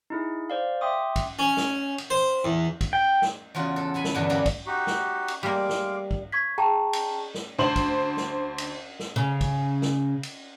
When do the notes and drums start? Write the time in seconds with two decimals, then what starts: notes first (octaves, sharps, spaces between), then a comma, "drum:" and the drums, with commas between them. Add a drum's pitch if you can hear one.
0.10 D#4 E4 G#4
0.50 C5 D5 F5
0.81 E5 G5 C6 D6 D#6
1.16 drum: kick, cymbal
1.39 C#4
1.57 drum: snare
1.98 drum: cymbal
2.10 C5
2.44 E2
2.81 drum: kick, cymbal
2.93 G5
3.22 drum: snare
3.55 E2 C#3 F4 F#4
3.76 A4
3.94 E4 A4 G#5 B5
4.04 drum: snare
4.14 E2 G2 B2 D3 A5
4.29 D3 F#3 G3 A#3 C#4 D4
4.46 drum: kick, cymbal
4.66 D#4 F#4 G4
4.87 drum: snare
5.28 drum: cymbal
5.43 G3 G#3 A#3 F5 D6
5.69 drum: snare
6.11 drum: kick
6.32 C#6 G#6 B6
6.58 G#4 G5 A5 A#5 C#6
6.93 drum: cymbal
7.34 drum: snare
7.59 D2 C5 F#7
7.76 drum: kick, cymbal
8.17 drum: snare
8.58 drum: cymbal
8.99 drum: snare
9.16 C#3
9.41 drum: kick, cymbal
9.82 drum: snare
10.23 drum: cymbal